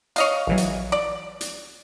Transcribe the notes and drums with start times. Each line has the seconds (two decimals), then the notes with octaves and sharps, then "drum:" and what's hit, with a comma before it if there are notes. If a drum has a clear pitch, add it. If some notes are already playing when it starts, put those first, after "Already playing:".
0.16 C#5 D#5 F5, drum: hi-hat
0.47 A#1 E3 F#3
0.58 drum: hi-hat
0.92 D5
1.41 drum: hi-hat